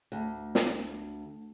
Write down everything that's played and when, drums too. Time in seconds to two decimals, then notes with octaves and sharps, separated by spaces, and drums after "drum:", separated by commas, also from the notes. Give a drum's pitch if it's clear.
0.12 D2
0.55 drum: snare